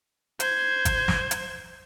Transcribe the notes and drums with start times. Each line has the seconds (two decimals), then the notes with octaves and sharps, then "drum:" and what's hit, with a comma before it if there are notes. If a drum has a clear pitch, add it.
0.40 C5 G#6, drum: hi-hat
0.85 drum: kick G#1, hi-hat
1.08 drum: snare
1.31 drum: hi-hat